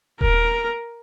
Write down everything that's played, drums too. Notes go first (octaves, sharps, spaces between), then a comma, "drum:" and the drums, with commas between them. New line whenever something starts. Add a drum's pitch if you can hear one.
A#4, drum: kick D#1